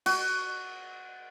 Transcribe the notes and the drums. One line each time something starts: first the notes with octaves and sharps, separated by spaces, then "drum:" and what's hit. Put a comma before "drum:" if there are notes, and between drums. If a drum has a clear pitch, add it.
F#4, drum: cymbal